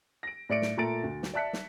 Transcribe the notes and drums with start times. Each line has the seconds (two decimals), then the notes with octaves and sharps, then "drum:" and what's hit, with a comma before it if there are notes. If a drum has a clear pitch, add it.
0.23 A#6 D7
0.49 A2 D5 C#7 D7
0.62 drum: snare
0.77 A#2 A3 A#5 A6 D7
1.03 D2
1.23 drum: snare
1.34 D5 E5 A5 F#6 B6 C#7
1.53 drum: snare